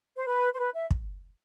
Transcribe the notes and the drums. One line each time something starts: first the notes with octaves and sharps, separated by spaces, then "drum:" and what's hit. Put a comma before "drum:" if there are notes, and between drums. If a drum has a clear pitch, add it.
C5
B4
C5
B4
E5
drum: kick